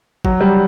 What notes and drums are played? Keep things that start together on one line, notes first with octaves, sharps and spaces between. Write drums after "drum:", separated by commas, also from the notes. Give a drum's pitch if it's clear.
F#3, drum: kick
G3